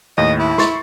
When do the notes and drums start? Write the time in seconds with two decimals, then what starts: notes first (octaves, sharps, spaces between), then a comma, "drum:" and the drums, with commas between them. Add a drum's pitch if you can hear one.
0.18 D#2 A2 D#5
0.39 E4
0.58 C6 C#6 A6, drum: snare